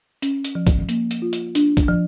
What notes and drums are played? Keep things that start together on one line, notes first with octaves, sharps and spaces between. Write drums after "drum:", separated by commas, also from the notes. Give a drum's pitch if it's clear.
C#4, drum: hi-hat
drum: hi-hat
F3
drum: kick, hi-hat
A#3, drum: hi-hat
drum: hi-hat
F4
drum: hi-hat
D4, drum: hi-hat
drum: kick, hi-hat
F3